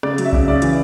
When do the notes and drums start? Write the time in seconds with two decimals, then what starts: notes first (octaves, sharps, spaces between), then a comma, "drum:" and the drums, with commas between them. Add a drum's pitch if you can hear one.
0.03 C#3 D5, drum: rim click
0.18 F#3, drum: hi-hat
0.25 E5
0.33 C#3, drum: kick B1
0.48 C#3 D5
0.62 E3, drum: hi-hat